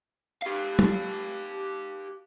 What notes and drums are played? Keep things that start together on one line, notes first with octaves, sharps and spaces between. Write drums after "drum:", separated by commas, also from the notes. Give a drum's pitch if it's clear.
G4 F5
drum: tom